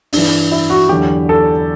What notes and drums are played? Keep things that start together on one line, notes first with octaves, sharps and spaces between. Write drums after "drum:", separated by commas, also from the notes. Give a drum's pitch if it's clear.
G2 E3, drum: open hi-hat
E4
F#4
E2 D3 F#3 G4
A4